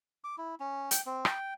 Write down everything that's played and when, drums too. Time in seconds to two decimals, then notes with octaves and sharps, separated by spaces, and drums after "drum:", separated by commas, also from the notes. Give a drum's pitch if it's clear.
0.24 D6
0.38 E4
0.60 C#4
0.91 G5, drum: hi-hat
1.06 C4
1.25 G5, drum: rim click